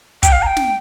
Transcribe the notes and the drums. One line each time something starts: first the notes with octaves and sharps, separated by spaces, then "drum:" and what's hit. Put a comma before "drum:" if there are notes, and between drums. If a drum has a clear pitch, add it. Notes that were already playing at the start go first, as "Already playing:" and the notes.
G5, drum: kick, hi-hat
F5
A#5
G5
drum: snare